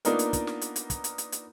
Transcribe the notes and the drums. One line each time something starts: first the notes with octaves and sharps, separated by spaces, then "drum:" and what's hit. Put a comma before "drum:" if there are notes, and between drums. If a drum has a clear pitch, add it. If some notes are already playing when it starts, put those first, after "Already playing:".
A#3 B3 D4 D#4 F4 A#4, drum: hi-hat
drum: hi-hat
drum: kick, hi-hat
drum: snare
drum: hi-hat
drum: hi-hat
drum: kick, hi-hat
drum: hi-hat
drum: hi-hat
drum: hi-hat